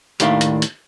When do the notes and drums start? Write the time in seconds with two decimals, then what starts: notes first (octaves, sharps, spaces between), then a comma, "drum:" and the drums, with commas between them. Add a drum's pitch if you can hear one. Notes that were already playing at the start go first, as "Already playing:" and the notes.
0.20 D#2 A2 D#3 D4 E5 F5, drum: hi-hat
0.41 drum: hi-hat
0.62 drum: hi-hat